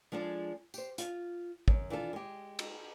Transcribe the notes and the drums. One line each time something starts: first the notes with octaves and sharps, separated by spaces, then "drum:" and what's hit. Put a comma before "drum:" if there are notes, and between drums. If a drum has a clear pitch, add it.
F3 G#3 D4 G#4 A4
G4 C5, drum: tambourine
F4, drum: hi-hat
F#2, drum: kick
E3 D4 F4 A4
G#3 G4
drum: cymbal